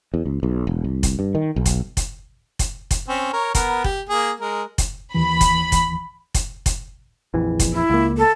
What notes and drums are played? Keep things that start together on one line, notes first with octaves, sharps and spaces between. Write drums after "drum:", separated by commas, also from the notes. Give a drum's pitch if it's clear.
E2
C#2
B1
E1
C2
drum: kick F1, hi-hat
G2
D#3
B1
drum: kick F1, hi-hat
drum: kick F1, hi-hat
drum: kick F1, hi-hat
drum: kick F1, hi-hat
C4 C#4
A#4 C#5
B3 A#4, drum: kick F1, hi-hat
G4, drum: kick F1
A#3 G#4
G#3 A#4
drum: kick F1, hi-hat
D#2 E3 B5
drum: kick F1, hi-hat
drum: kick F1, hi-hat
drum: kick F1, hi-hat
drum: kick F1, hi-hat
A#1 F2 E3
drum: kick F1, hi-hat
E4
C#2 A#3
A4